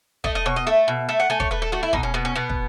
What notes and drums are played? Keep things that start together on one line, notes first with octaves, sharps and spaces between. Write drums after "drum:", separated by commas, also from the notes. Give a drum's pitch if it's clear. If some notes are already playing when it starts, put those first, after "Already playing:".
A3 D#5, drum: kick
D#5
B2 C#5
D#5
A3 E5
B2
A3 E5
F#5
A3 G#5
C#5, drum: kick
A3 B4
A4
A3 F#4
E4
B2 D#4, drum: kick
C#4
B2 B3
C#4
B2 B3
drum: kick